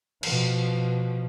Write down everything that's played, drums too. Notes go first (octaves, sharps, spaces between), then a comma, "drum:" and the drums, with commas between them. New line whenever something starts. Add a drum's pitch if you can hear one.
B2 F3, drum: cymbal